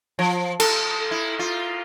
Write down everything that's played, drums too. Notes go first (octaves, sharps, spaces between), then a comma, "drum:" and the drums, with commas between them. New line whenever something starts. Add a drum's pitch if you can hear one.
F3
A4, drum: cymbal
E4
F4